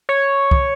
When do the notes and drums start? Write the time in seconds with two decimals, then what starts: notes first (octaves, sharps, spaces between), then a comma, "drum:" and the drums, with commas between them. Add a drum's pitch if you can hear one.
0.09 C#5
0.51 drum: kick